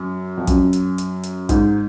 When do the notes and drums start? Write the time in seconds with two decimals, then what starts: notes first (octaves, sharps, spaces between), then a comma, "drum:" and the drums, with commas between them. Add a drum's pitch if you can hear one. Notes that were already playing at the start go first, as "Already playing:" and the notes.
Already playing: F#2
0.37 F2
0.47 F#2, drum: kick, hi-hat
0.73 drum: hi-hat
0.98 drum: hi-hat
1.23 drum: hi-hat
1.49 G#2, drum: kick, hi-hat